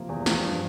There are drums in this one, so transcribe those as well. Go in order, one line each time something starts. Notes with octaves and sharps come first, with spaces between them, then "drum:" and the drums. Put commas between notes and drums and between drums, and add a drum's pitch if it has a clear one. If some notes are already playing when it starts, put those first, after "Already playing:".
Already playing: C3 F3 A#3
E2
F3, drum: snare
G2